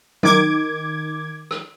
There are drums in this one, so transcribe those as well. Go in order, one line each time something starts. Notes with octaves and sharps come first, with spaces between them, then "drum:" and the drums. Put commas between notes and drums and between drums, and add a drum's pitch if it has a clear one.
D#3 D6 G#6, drum: tom F#3
drum: rim click